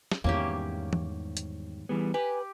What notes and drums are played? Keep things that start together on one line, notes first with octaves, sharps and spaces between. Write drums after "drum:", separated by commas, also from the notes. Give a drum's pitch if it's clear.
drum: snare
E2 G#2 D#3 G3 A#3 C#4 G4
drum: tom E3
drum: hi-hat
E3 G3 B3 G#4
G4 B4 G#5